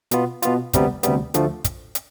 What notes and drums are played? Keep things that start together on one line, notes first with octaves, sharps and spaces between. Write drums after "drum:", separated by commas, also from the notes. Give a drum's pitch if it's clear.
B2 B3 F4, drum: hi-hat
B2 B3 F4, drum: hi-hat
D2 C3 G3 B3, drum: kick, hi-hat
D2 C3 G3 B3, drum: hi-hat
D2 D3 F3 A3, drum: hi-hat
drum: kick, hi-hat
drum: hi-hat